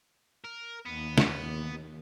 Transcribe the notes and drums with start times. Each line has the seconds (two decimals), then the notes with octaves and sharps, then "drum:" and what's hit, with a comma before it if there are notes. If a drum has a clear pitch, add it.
0.44 A#4
0.85 D#2 B3
1.18 drum: snare